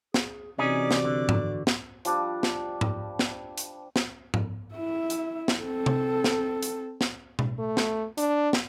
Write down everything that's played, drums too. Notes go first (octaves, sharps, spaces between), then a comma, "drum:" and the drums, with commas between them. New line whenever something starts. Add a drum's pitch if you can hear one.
G#4, drum: snare
C3 E3 C#4 D#4 F#4 G#4 D5
drum: snare
D3
drum: tom G#2
drum: snare
F3 G3 D4 G4, drum: hi-hat
drum: snare
drum: tom G#2
drum: snare
drum: hi-hat
drum: snare
drum: tom G#2
E4 E5
drum: hi-hat
drum: snare
C4 A4
drum: tom C3
drum: snare
drum: hi-hat
drum: snare
drum: tom B2
A3
drum: snare
D4, drum: hi-hat
drum: snare